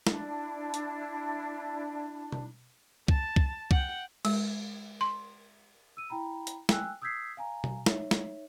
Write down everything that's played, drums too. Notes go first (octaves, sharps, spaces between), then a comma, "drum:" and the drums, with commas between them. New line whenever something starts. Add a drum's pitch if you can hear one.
D4 E4, drum: snare
drum: hi-hat
drum: tom B2
A5, drum: kick C2
drum: kick C2
F#5 G5, drum: kick C2
G#3, drum: cymbal
C6
E6 D#7
E4 G5 A#5 B5
drum: hi-hat
G5 G#5 E6 F#6, drum: snare
D#6 E6 G6 G#6 B6 C7
F5 G#5 A#5
drum: tom B2
D#4 C#5 E5, drum: snare
drum: snare